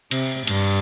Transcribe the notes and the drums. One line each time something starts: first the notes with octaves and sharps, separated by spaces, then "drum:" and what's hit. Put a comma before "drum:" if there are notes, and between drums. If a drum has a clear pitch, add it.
C3, drum: cymbal
G2, drum: cymbal